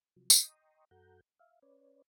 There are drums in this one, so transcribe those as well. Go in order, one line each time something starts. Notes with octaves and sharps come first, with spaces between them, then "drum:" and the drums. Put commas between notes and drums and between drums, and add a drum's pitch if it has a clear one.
C3 F3 F#3
drum: tambourine
D#5 G5 A#5 C6 C#6 D#6
F#2 F#4 A4 F#5 A#5 G6
E5 F5
C#4 B4 C#5 D5